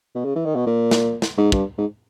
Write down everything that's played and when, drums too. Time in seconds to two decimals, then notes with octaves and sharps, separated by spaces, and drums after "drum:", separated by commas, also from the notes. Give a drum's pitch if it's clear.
0.15 B2
0.25 C#3
0.35 E3
0.45 D#3
0.55 B2
0.66 A#2
0.91 drum: snare
1.22 drum: snare
1.37 G#2
1.52 G2, drum: kick
1.78 G#2